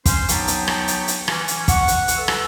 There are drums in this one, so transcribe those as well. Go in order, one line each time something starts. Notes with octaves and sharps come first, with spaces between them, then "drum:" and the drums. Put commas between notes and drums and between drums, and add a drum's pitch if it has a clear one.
C#4 C5, drum: kick, hi-hat
F#3 B3 D#4 G4 A5 C#6, drum: hi-hat
drum: hi-hat
drum: rim click
drum: hi-hat
drum: hi-hat
E3 C#4, drum: rim click
drum: hi-hat
F#5 C#6, drum: kick, hi-hat
drum: hi-hat
drum: hi-hat
A4 B4 E5 E6
drum: rim click